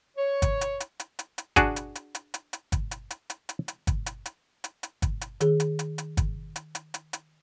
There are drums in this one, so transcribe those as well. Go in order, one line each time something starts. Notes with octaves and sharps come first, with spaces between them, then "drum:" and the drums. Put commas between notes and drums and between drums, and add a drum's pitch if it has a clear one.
C#5
drum: kick, hi-hat
drum: hi-hat
drum: hi-hat
drum: hi-hat
drum: hi-hat
drum: hi-hat
D4 F#4 G#4, drum: kick, hi-hat
drum: hi-hat
drum: hi-hat
drum: hi-hat
drum: hi-hat
drum: hi-hat
drum: kick, hi-hat
drum: hi-hat
drum: hi-hat
drum: hi-hat
drum: hi-hat
drum: hi-hat
drum: kick, hi-hat
drum: hi-hat
drum: hi-hat
drum: hi-hat
drum: hi-hat
drum: kick, hi-hat
drum: hi-hat
D#3 G#4, drum: hi-hat
drum: hi-hat
drum: hi-hat
drum: hi-hat
drum: kick, hi-hat
drum: hi-hat
drum: hi-hat
drum: hi-hat
drum: hi-hat